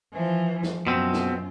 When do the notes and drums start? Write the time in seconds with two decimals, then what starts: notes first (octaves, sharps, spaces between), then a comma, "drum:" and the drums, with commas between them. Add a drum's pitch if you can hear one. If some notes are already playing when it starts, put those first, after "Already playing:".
0.13 E3 F3
0.63 drum: snare
0.87 F#2 B2 C4 F4
1.13 drum: snare